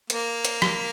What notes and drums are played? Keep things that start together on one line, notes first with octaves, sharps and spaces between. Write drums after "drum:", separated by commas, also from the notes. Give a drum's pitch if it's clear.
A#3, drum: hi-hat
drum: hi-hat
drum: rim click